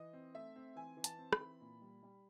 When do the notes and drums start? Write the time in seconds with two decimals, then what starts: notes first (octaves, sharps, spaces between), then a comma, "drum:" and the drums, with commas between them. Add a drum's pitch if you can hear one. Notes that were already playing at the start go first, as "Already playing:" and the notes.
Already playing: E3 D#5
0.13 C4
0.34 A3 E5
0.56 C4
0.76 E3 G#5
0.97 E3
1.04 A5, drum: hi-hat
1.18 C4
1.33 B5, drum: rim click
1.40 E3
1.61 A#2
1.82 G3
2.03 G3